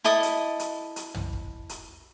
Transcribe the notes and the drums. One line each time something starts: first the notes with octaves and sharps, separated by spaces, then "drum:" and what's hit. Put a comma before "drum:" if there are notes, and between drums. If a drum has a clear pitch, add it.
E4 A4 D#5 D#6
drum: hi-hat
drum: hi-hat
drum: hi-hat
drum: tom
drum: kick
drum: hi-hat